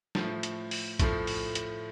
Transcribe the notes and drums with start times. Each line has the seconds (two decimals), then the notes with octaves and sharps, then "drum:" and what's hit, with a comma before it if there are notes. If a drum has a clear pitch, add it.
0.15 A2 F3 A3, drum: snare
0.43 drum: hi-hat
0.71 drum: open hi-hat
0.99 A2 F3 A3, drum: kick, hi-hat
1.27 drum: open hi-hat
1.55 drum: hi-hat